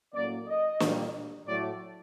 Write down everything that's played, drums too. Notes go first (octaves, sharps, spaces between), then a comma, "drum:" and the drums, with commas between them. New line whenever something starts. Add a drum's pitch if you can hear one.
A2 F#3 A#3 C#4 D5
D#5
A#2 G3 A#3, drum: snare
A2 F#3 A3 D5